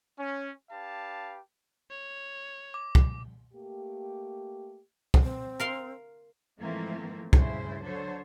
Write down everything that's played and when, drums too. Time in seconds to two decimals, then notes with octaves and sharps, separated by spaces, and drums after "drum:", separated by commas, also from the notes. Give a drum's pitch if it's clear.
0.18 C#4
0.70 D4 G4 B4 F5 A5
1.91 C#5
2.74 D6
2.95 drum: kick C2
3.54 A3 A#3 G4
5.14 drum: kick C2
5.23 C4
5.60 A#4 F5 C6
6.60 G#2 E3 F3 A3 A#3 C4
7.33 D2 G2 C#3 E4 C5, drum: kick C2
7.83 D3 F#3 A4 C5 C#5